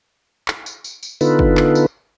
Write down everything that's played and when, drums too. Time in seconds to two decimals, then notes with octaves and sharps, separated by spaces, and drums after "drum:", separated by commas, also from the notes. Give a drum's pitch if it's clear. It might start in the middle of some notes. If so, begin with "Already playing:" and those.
0.48 drum: clap
0.66 drum: tambourine
0.84 drum: tambourine
1.03 drum: tambourine
1.21 D3 B3 D#4 F4 A4 B4, drum: tambourine
1.39 drum: kick
1.57 drum: clap
1.75 drum: tambourine